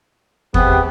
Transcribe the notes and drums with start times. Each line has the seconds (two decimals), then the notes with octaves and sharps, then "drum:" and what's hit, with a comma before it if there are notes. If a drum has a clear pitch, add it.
0.54 C3 B3 G4 G#4, drum: kick